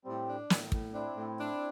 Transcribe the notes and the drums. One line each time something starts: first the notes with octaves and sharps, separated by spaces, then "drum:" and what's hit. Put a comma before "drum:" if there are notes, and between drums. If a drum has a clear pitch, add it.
A2 G3 C4
D4
A2, drum: snare
A2, drum: kick
C4 D4 E4
A2
D4